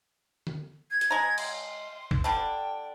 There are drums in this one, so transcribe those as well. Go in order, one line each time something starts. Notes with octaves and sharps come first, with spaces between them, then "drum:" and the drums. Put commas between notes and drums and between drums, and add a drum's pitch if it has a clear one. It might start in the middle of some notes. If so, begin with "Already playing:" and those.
drum: tom D3
G#6
drum: hi-hat
G#3 A#5
C6, drum: cymbal
drum: kick
D3 G3 D4 G5